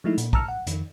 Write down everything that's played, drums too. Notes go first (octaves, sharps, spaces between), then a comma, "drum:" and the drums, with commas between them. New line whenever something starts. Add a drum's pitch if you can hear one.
F3 G#3 A3 D#4 E4
A#2, drum: hi-hat
A5 A#5 E6 F6 C#7, drum: kick
F#5
F2 D#3, drum: hi-hat